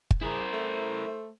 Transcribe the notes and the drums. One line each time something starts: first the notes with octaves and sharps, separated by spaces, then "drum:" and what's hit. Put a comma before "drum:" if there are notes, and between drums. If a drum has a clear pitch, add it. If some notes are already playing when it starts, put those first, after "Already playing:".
drum: kick
E4 G#4 A#4 C5
A3